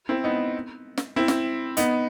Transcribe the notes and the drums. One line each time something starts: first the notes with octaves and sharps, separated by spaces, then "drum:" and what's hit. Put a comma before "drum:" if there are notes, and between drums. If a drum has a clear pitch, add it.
C4 E4
B3 D#4
drum: snare
C4 E4
drum: snare
B3 D#4, drum: hi-hat